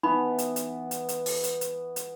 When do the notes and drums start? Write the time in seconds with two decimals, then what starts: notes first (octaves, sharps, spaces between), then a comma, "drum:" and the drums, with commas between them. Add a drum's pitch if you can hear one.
0.03 E3 B3 D#4 B5
0.38 drum: hi-hat
0.56 drum: hi-hat
0.91 drum: hi-hat
1.09 drum: hi-hat
1.26 drum: open hi-hat
1.44 drum: hi-hat
1.61 drum: hi-hat
1.96 drum: hi-hat